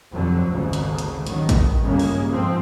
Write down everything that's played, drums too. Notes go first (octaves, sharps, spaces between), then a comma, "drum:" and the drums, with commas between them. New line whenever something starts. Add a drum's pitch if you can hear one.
F1 F2 D3 F#3
G#1 D2 C#3
drum: hi-hat
drum: hi-hat
A1 D#3 F#3, drum: hi-hat
drum: kick A1, hi-hat
G1 C#2 C#3 A#3
drum: open hi-hat
G#2 F3 C4